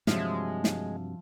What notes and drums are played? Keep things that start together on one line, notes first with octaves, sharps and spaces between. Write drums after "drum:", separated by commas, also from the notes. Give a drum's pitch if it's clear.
G2 C3 F3 F#3 G#3 E5, drum: snare
drum: snare